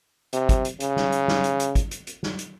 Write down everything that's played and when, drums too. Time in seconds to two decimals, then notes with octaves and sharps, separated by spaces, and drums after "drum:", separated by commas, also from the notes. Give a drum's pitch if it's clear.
0.33 C3, drum: hi-hat
0.49 drum: kick, hi-hat
0.65 drum: hi-hat
0.80 C#3, drum: hi-hat
0.96 drum: snare
1.12 drum: hi-hat
1.28 drum: snare
1.44 drum: hi-hat
1.60 drum: hi-hat
1.75 drum: kick, hi-hat
1.91 drum: hi-hat
2.07 drum: hi-hat
2.23 drum: snare
2.39 drum: hi-hat